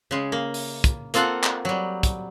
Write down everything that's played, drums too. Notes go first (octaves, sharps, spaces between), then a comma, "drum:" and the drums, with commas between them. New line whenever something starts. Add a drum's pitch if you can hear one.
C#3 G#3
A#3
drum: open hi-hat
drum: kick, hi-hat
A#3 C4 F4 A4 F#5, drum: hi-hat
drum: clap
F#3 G3
drum: kick, hi-hat